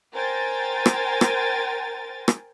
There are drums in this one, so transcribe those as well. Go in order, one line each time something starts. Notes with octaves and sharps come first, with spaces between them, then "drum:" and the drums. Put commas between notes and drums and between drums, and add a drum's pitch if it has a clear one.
A#4 C5 G5 G#5 A6
drum: rim click
drum: rim click
drum: rim click